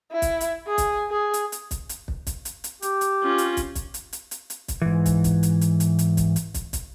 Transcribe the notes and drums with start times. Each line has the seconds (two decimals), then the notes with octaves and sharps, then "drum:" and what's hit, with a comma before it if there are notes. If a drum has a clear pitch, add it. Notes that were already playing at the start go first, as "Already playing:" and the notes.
0.12 E4
0.22 drum: kick, hi-hat
0.41 drum: hi-hat
0.67 G#4
0.78 drum: kick, hi-hat
1.11 G#4
1.34 drum: hi-hat
1.52 drum: hi-hat
1.71 drum: kick, hi-hat
1.89 drum: hi-hat
2.08 drum: kick
2.27 drum: kick, hi-hat
2.45 drum: hi-hat
2.64 drum: hi-hat
2.82 G4, drum: hi-hat
3.01 drum: hi-hat
3.23 C#4 F4
3.38 drum: hi-hat
3.57 drum: kick, hi-hat
3.75 drum: kick, hi-hat
3.94 drum: hi-hat
4.13 drum: hi-hat
4.31 drum: hi-hat
4.50 drum: hi-hat
4.68 drum: kick, hi-hat
4.82 G#2 E3
5.06 drum: kick, hi-hat
5.24 drum: kick, hi-hat
5.43 drum: hi-hat
5.61 drum: hi-hat
5.80 drum: hi-hat
5.99 drum: hi-hat
6.17 drum: kick, hi-hat
6.36 drum: hi-hat
6.54 drum: kick, hi-hat
6.73 drum: kick, hi-hat